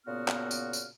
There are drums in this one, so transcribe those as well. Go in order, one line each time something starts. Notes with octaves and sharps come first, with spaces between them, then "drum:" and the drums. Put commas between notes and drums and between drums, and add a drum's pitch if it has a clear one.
A#2 C#3 B3 F#4 F6
drum: clap
drum: tambourine
drum: tambourine